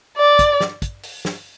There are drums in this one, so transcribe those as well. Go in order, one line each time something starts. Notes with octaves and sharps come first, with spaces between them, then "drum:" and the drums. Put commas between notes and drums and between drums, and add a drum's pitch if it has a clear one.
D5
drum: kick, hi-hat
drum: snare
drum: kick, hi-hat
drum: open hi-hat
drum: snare